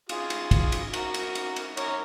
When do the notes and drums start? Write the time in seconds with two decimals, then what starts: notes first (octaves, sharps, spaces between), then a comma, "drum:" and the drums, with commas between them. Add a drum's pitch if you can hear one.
0.09 F4 G#4, drum: cymbal
0.30 drum: cymbal
0.51 drum: kick, cymbal
0.72 drum: cymbal
0.93 F#4 A#4, drum: cymbal
1.14 drum: cymbal
1.35 drum: cymbal
1.56 drum: cymbal
1.77 A#4 C#5, drum: cymbal